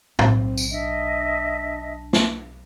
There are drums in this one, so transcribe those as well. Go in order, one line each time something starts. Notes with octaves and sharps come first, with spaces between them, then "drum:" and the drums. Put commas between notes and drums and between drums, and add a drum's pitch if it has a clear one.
B1 C4, drum: tom A2
drum: tambourine
D4 D#5 E5
drum: snare